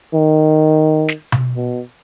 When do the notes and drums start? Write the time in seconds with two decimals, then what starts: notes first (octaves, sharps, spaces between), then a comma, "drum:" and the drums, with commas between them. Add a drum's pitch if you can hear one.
0.14 D#3
1.09 drum: snare
1.32 drum: tom B2
1.56 B2